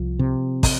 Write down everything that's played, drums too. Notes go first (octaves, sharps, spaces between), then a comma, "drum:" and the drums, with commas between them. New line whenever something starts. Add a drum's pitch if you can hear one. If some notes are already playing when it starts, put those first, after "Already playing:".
Already playing: C2 F3
C3
drum: kick, open hi-hat